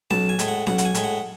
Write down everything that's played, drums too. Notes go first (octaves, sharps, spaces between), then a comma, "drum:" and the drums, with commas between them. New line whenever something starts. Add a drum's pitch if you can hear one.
B1 A5, drum: snare C#4
G#5
A2 G#3, drum: hi-hat
F#5
B1 F#5, drum: snare C#4
F#5, drum: hi-hat
G#5
A2 G#3, drum: hi-hat
F#5